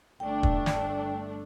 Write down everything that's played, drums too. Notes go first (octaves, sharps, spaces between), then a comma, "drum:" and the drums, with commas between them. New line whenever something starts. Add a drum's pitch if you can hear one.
G1 A3 D4 G5
drum: kick
drum: snare